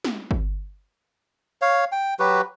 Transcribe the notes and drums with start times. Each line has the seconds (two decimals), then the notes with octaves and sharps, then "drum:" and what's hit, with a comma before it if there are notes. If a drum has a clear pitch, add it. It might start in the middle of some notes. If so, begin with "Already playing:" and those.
0.04 drum: snare
0.31 drum: kick
1.62 C#5 F5
1.92 G5
2.19 F#3 F#4 G4 B4